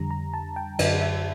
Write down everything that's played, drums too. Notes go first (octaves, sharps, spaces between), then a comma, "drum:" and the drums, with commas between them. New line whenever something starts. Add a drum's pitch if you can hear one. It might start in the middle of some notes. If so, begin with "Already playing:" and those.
Already playing: F2 D3 G3 A#5
A#5
A5
G5
F#2 D3 F#3 E5, drum: cymbal
E5